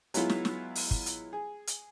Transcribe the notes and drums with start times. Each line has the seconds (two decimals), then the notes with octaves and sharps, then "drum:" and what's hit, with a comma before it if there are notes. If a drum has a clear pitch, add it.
0.14 F#3 G#3 B3 E4 F4, drum: hi-hat
0.29 drum: snare
0.45 drum: snare
0.75 drum: open hi-hat
0.91 drum: kick
1.06 drum: hi-hat
1.33 G#4
1.67 drum: hi-hat